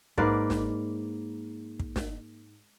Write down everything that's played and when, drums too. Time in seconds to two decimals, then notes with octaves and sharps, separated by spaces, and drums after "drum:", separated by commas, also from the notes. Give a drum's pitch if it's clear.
0.18 G#2 A#3 B4 D5, drum: kick
0.50 drum: snare
1.80 drum: kick
1.96 drum: snare